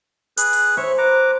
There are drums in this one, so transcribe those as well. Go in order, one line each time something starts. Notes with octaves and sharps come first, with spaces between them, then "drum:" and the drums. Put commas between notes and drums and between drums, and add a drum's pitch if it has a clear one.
G#4 B4 F#6, drum: hi-hat
drum: open hi-hat
C5 C#5 E5 C#6
B4 A#5 D6